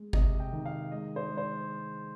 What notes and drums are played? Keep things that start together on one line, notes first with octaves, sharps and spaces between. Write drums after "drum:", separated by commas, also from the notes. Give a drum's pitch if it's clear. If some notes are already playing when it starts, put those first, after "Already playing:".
Already playing: G#3
C3 D#5, drum: kick G1
G5
D#3
F5
G#3 D#5
C5
G#3
C5